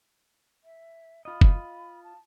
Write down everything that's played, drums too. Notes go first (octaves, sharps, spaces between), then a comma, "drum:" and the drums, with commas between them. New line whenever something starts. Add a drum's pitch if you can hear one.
E5
F4 D#5 B5
drum: kick F#1
A5